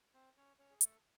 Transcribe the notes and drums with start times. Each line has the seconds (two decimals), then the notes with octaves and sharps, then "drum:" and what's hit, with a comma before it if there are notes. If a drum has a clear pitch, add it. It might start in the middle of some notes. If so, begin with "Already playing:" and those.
0.14 C4 C5
0.37 C#4 C#5
0.58 C#4 C#5
0.71 G#4
0.81 A3 A4, drum: hi-hat